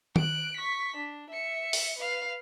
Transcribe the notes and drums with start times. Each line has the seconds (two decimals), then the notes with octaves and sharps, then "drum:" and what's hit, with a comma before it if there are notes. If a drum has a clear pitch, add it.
0.16 F#6 D7, drum: tom D#3
0.57 C#6 B6
0.96 D4
1.30 E5 C#7
1.73 drum: open hi-hat
1.98 B4 F5